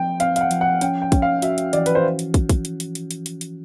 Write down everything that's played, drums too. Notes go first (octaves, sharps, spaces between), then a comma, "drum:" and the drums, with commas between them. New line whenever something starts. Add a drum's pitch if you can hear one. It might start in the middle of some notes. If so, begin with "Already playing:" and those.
Already playing: F3 C4 G5
C4 F5, drum: hi-hat
F5, drum: hi-hat
F#5
F3, drum: hi-hat
F#5
C#4 G5, drum: hi-hat
G5
C#4, drum: kick, hi-hat
F5
F#4 E5, drum: hi-hat
drum: hi-hat
E3 D5, drum: hi-hat
B4, drum: hi-hat
C5
drum: hi-hat
drum: kick, hi-hat
drum: kick, hi-hat
drum: hi-hat
drum: hi-hat
drum: hi-hat
drum: hi-hat
drum: hi-hat
drum: hi-hat